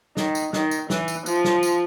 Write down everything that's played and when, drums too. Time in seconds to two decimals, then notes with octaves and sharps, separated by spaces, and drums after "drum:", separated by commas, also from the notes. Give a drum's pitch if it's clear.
0.17 D#3, drum: snare
0.35 drum: tambourine
0.53 D#3, drum: snare
0.71 drum: tambourine
0.90 E3, drum: snare
1.08 drum: tambourine
1.26 F3, drum: tambourine
1.45 drum: snare
1.63 drum: tambourine